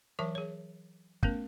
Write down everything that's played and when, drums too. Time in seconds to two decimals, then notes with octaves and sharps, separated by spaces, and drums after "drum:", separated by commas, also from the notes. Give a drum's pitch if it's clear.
0.19 E3 F#3 A#4 E5 A5 D6
0.35 G#4 C#5
1.23 A3 B3 C#4 A#4, drum: kick